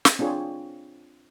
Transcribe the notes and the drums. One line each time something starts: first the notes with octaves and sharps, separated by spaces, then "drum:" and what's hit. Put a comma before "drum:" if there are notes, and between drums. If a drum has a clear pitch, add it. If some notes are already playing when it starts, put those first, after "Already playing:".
drum: snare
C4 D4 F4 G#4 C#5